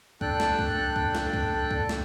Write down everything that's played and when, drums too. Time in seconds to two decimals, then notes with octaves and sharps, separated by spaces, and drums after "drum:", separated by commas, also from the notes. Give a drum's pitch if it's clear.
0.21 D4 A4 G5 F#6, drum: kick C#2
0.40 drum: snare
0.59 drum: kick C#2
0.96 drum: kick C#2
1.15 drum: snare
1.33 drum: kick C#2
1.71 drum: kick C#2
1.89 drum: snare